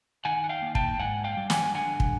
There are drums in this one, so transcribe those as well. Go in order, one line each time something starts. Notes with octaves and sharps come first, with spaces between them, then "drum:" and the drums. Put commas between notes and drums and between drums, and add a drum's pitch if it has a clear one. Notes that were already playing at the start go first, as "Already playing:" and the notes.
D#3 F#5 G#5
F#5
F5 G5
A#3
G5 A5, drum: kick
G#2 F#5 G#5
F5 G5
G3
F#5 G#5, drum: snare
D3 F#5 G#5
drum: kick